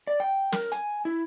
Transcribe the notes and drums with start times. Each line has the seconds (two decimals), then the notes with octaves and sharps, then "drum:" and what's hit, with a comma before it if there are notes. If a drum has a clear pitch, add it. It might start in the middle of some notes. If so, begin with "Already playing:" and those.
0.07 D5
0.20 G5
0.52 A#4, drum: snare
0.72 G#5, drum: hi-hat
1.05 E4